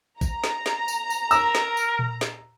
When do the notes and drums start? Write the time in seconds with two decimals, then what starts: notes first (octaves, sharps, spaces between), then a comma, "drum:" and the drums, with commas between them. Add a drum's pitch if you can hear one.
0.21 A#5, drum: kick A1, tambourine
0.44 drum: snare
0.66 drum: snare
0.88 drum: tambourine
1.10 drum: tambourine
1.31 A#4 E6, drum: tambourine
1.55 drum: snare
1.77 drum: tambourine
1.99 drum: tom A#2
2.21 drum: snare